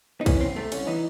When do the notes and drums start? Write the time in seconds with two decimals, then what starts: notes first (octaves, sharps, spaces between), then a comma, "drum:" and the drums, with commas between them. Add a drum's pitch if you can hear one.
0.21 D#4
0.26 E3 C#4, drum: kick, cymbal
0.41 C2 C4
0.56 C3 A3
0.72 C2 C#4, drum: cymbal
0.87 E3 D#4